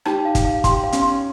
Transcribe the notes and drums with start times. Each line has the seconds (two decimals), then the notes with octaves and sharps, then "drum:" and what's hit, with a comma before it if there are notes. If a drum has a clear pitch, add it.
0.05 D#4 G4, drum: rim click
0.25 F5
0.35 drum: kick, hi-hat
0.45 F5
0.64 G4 C6, drum: kick, hi-hat
0.83 F5
0.92 C#4, drum: hi-hat
1.02 C6